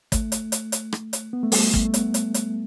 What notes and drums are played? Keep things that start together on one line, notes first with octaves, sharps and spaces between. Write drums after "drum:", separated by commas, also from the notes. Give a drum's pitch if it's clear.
A3, drum: kick, hi-hat
drum: hi-hat
drum: hi-hat
drum: hi-hat
drum: rim click
drum: hi-hat
B3
A3
G3, drum: open hi-hat
A3
drum: kick
A3
B3, drum: hi-hat
drum: hi-hat
drum: hi-hat